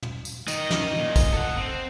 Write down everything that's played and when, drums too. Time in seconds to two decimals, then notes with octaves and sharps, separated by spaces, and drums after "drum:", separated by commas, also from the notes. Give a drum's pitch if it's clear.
0.03 drum: tom
0.25 drum: tambourine
0.48 D#3 D#5, drum: tambourine
0.70 drum: snare
0.98 A#2
1.16 drum: kick, tambourine
1.33 A4 F#5
1.57 C4